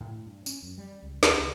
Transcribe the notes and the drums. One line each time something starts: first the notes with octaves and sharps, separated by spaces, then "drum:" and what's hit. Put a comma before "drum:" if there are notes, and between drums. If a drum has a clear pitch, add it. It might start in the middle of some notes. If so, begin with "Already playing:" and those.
A2
G2
C#4, drum: tambourine
F#2
G3
C#2
D#2, drum: snare
C#2